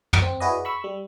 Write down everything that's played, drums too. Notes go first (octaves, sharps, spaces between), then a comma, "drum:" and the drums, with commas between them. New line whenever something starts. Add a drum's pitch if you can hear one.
drum: tom
C4
E4 F#4 G#4 B4 D5 D#5
B5 C#6 E6
G3